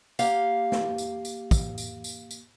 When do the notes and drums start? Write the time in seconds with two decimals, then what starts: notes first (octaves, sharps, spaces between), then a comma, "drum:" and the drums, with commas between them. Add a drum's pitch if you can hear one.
0.19 A#3 G4 F5, drum: tambourine
0.72 drum: snare
0.98 drum: tambourine
1.25 drum: tambourine
1.51 drum: kick, tambourine
1.78 drum: tambourine
2.04 drum: tambourine
2.31 drum: tambourine